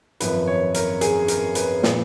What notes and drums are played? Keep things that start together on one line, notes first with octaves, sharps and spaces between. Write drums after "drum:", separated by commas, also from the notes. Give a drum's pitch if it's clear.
G#1 F#2 F3 B4, drum: hi-hat
C#5
A#4, drum: hi-hat
G#4, drum: hi-hat
A#4, drum: hi-hat
B4, drum: hi-hat
A#2 F3, drum: snare